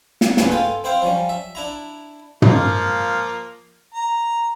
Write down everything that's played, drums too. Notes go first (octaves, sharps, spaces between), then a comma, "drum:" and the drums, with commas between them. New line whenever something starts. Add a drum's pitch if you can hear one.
drum: snare
C#2 G2 C#4 B4, drum: snare
F4 A4 G5 G#5
C4 E4 C5 F5 G5
F3 G3 C#4
E5
D4 E4 A#5
F3 A#3, drum: tom
A#5